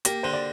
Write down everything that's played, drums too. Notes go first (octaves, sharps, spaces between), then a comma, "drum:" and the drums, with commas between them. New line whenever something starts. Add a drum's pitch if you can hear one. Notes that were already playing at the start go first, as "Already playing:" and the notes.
A#3 G4, drum: hi-hat
D3 C5
D5